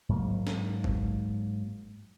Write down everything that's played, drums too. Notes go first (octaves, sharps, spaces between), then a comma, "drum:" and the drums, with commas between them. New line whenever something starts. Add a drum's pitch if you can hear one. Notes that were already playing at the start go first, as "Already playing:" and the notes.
G#2 F#3 A#3
drum: snare
drum: kick